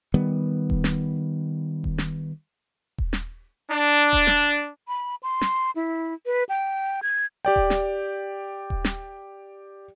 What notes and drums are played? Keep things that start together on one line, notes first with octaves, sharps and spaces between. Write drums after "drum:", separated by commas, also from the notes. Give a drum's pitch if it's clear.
D#3 G3 B3
drum: kick D#1
drum: snare
drum: kick D#1
drum: snare
drum: kick D#1
drum: snare
D4
drum: kick D#1
drum: snare
B5
C6
drum: snare
E4
B4
G5
G#6
G4 D5 G5
drum: kick D#1
drum: snare
drum: kick D#1
drum: snare